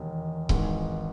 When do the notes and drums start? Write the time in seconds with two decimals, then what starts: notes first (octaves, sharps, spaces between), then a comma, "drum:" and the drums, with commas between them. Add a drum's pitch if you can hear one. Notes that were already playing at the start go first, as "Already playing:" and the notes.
Already playing: E1 D#2 D#3
0.49 G#1 G#2 E3, drum: kick C#1